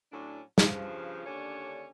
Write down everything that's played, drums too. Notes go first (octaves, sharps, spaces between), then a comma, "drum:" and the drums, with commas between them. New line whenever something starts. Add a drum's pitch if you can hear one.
A2 F#3 C#4 D4
G2 C#3 F3, drum: snare
D#2 D3 C#4 D4 C#5